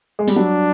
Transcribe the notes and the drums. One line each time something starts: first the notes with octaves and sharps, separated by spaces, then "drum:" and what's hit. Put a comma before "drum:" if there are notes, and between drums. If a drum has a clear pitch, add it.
G#3
G3, drum: hi-hat
F#3 D4